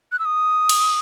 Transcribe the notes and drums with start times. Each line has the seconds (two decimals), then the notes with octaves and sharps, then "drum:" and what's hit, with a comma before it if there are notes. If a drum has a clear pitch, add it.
0.12 F#6
0.19 E6
0.25 D#6
0.69 drum: cymbal